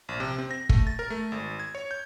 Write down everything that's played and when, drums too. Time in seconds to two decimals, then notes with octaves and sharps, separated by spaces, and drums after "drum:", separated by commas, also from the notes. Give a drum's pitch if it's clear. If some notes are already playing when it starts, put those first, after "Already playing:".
0.09 A#1
0.20 C3
0.38 C4
0.51 A#6
0.69 A3, drum: kick
0.87 A6
0.99 A#4
1.10 A3
1.32 G#1
1.60 G#6
1.75 C#5
1.91 G6